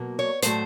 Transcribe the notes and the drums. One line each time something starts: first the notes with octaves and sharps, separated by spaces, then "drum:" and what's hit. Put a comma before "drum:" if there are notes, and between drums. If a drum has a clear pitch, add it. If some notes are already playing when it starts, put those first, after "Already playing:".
Already playing: B2 F#3 A#3
C#5
A2 F#3 A3 C5, drum: hi-hat